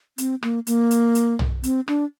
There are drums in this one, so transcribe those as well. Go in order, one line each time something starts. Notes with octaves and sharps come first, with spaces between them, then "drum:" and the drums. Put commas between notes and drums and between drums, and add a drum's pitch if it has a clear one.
C4, drum: hi-hat
A#3, drum: rim click
A#3, drum: hi-hat
drum: hi-hat
drum: hi-hat
drum: tom
C4, drum: hi-hat
D4, drum: rim click